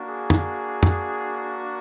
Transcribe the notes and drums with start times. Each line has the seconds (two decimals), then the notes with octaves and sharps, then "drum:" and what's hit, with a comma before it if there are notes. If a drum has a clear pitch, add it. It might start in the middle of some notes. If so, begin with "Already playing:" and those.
Already playing: A#3 D4 F#4
0.10 G#4
0.30 drum: tom
0.83 drum: tom